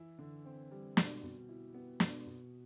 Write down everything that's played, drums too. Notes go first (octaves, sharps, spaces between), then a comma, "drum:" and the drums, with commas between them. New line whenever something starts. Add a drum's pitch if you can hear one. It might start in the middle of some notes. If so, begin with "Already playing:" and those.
Already playing: E3 E4
D3
C4
G3
B2, drum: snare
B2
E4
B3
B2, drum: snare
B2